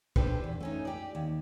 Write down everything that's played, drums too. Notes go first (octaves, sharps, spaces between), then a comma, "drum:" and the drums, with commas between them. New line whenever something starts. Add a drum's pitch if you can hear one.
D4 G4 A4 B4 C5, drum: kick
E2
A3 C#4 D#4
G4 D5
D#2